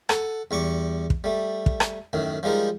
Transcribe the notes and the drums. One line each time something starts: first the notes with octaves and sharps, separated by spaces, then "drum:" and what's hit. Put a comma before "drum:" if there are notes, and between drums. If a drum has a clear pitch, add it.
A4 F#5, drum: rim click
E2 G3 C#6 D6
drum: kick
G3 A3
drum: kick
drum: rim click
F#2 A2 D#3
F3 G3 G#3 D#4 A#4